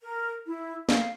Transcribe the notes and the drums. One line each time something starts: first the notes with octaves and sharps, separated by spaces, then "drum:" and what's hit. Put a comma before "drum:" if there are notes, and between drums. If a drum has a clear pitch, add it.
A#4
E4
F5, drum: snare